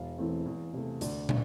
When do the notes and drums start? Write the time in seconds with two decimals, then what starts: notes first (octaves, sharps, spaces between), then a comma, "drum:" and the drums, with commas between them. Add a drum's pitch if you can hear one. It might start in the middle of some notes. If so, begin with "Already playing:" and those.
Already playing: E1 F5
0.18 E2 E3 A3 C4
0.46 E2
0.73 C3 E3 A3
1.01 D2 D5, drum: hi-hat
1.29 D3, drum: tom